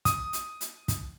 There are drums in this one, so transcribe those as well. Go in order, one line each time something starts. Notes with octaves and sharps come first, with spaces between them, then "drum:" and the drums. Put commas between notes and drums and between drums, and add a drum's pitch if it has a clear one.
D#6, drum: kick, hi-hat
drum: hi-hat
drum: hi-hat
drum: kick, hi-hat